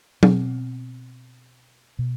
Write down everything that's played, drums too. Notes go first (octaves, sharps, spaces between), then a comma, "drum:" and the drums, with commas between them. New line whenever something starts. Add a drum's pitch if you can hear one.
B2 C4, drum: tom F#3
B2